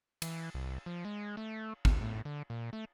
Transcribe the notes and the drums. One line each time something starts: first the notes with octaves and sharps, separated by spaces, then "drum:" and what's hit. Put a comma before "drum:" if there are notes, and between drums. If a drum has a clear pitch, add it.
E3, drum: cymbal
C2
F3
G#3
A3
D2, drum: kick
A2
D3
A#2
A3